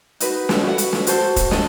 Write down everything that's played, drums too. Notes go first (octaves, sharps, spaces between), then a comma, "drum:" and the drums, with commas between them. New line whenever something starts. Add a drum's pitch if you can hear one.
D#4 F#4 B4, drum: hi-hat
drum: snare
F#4 B4 F#5
drum: hi-hat
drum: snare
F#4 A4 C5, drum: hi-hat
drum: kick E1, hi-hat
A4 D#5, drum: snare